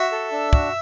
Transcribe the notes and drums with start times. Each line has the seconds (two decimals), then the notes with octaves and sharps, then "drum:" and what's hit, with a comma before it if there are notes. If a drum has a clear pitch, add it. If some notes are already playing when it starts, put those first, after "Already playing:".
Already playing: F#4 E5 E6
0.12 A4
0.32 D4
0.53 F#4, drum: kick